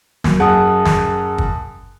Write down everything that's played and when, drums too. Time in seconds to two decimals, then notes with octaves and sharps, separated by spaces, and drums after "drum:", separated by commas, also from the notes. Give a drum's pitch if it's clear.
0.24 F#3 A#3, drum: snare
0.40 F#2 G#4 F#5 A5 D#6
0.85 drum: snare
1.38 drum: kick